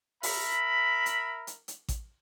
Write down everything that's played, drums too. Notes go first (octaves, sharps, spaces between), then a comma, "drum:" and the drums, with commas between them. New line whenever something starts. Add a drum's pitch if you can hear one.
A#4 E5 B5, drum: open hi-hat
drum: hi-hat
drum: hi-hat
drum: hi-hat
drum: kick A1, hi-hat